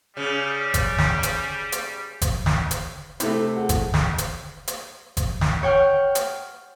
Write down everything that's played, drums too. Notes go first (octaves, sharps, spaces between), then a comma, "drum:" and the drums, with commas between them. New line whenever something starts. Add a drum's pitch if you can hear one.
C#3 G3
drum: kick G1, hi-hat
drum: snare
drum: hi-hat
drum: hi-hat
drum: kick G1, hi-hat
drum: snare
drum: hi-hat
C3 A3 E4, drum: hi-hat
G#4 F#5
drum: kick G1, hi-hat
drum: snare
drum: hi-hat
drum: hi-hat
drum: kick G1, hi-hat
drum: snare
C#5 F#5 G5 F6
drum: hi-hat